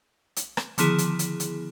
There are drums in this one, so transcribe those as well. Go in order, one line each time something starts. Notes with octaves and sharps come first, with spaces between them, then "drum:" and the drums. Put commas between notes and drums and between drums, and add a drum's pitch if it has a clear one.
drum: hi-hat
drum: rim click
D3 D#3 F3 B3 E4 G#4, drum: hi-hat
drum: hi-hat
drum: hi-hat
drum: hi-hat